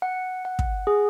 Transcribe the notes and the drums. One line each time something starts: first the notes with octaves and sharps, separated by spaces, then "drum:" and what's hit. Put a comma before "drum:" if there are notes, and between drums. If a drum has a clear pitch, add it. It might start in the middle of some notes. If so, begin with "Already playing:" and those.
F#5
F#5
drum: kick
G#4